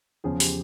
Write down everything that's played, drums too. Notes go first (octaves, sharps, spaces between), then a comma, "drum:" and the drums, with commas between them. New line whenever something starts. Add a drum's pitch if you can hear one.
E2 C#3 F3 G#4
G4, drum: open hi-hat